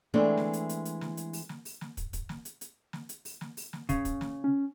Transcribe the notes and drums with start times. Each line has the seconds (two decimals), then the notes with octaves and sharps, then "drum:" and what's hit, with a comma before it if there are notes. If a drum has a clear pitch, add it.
0.14 E3 G#3 A3 B3 C4 D4
0.37 drum: snare
0.53 drum: hi-hat
0.69 drum: hi-hat
0.85 drum: hi-hat
1.01 drum: snare
1.17 drum: hi-hat
1.33 drum: open hi-hat
1.49 drum: snare
1.65 drum: open hi-hat
1.81 drum: snare
1.97 drum: kick, hi-hat
2.13 drum: kick, hi-hat
2.29 drum: snare
2.45 drum: hi-hat
2.61 drum: hi-hat
2.93 drum: snare
3.09 drum: hi-hat
3.25 drum: open hi-hat
3.41 drum: snare
3.57 drum: open hi-hat
3.73 drum: snare
3.89 C#3, drum: kick, hi-hat
4.05 drum: kick, hi-hat
4.21 drum: snare
4.44 C#4